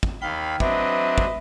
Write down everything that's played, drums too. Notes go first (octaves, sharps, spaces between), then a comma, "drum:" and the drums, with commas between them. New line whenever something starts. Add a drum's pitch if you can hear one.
drum: kick
D#2 F5 G5 B5
F#3 C4 D4 B4 D#5 E5, drum: kick
drum: kick